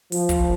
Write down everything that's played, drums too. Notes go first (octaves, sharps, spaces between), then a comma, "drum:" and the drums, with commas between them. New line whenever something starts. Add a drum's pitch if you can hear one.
F3, drum: open hi-hat
drum: kick, hi-hat